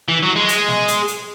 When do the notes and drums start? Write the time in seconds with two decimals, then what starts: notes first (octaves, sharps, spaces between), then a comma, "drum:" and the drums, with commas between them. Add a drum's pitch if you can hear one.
0.08 E3
0.23 F#3
0.36 G#3
0.49 drum: hi-hat
0.68 drum: snare
0.88 drum: hi-hat
1.08 drum: hi-hat